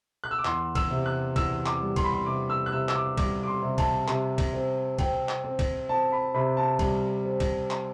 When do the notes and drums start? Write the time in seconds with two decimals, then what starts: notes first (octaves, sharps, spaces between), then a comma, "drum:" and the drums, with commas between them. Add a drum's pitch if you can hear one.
0.24 F#6
0.31 E6
0.38 D6
0.45 E2 C6, drum: clap
0.75 E6, drum: kick, cymbal
0.91 C3
1.06 F#6
1.36 E2 E6, drum: kick, cymbal
1.66 D6, drum: clap
1.81 G3
1.96 C6, drum: kick, cymbal
2.04 B5
2.13 C6
2.26 C3 D6
2.50 E6
2.66 F#6
2.72 C3 E6
2.89 E6, drum: clap
2.94 D6
3.18 G3 D6, drum: kick, cymbal
3.43 D6
3.47 C6
3.63 C3
3.78 A5, drum: kick, cymbal
4.08 C3, drum: clap
4.38 drum: kick, cymbal
4.53 C4
4.99 C4 G5, drum: kick, cymbal
5.29 drum: clap
5.44 C4
5.59 drum: kick, cymbal
5.89 C4 A5
6.12 B5
6.34 C3 B5
6.57 A5
6.79 G3, drum: kick, cymbal
7.25 C4
7.40 drum: kick, cymbal
7.70 drum: clap